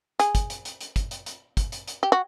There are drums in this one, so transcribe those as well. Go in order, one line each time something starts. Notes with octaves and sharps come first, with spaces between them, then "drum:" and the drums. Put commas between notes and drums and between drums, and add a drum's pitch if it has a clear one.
G#4, drum: hi-hat
drum: kick, hi-hat
drum: hi-hat
drum: hi-hat
drum: hi-hat
drum: kick, hi-hat
drum: hi-hat
drum: hi-hat
drum: kick, hi-hat
drum: hi-hat
drum: hi-hat
G4
F#4